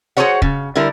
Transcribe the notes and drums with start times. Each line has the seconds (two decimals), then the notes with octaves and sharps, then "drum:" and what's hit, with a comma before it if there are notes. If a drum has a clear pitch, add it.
0.17 F#4 G#4 A4 C5 C#5 F#5
0.42 C#3, drum: kick
0.75 D3 G3 E4 A#4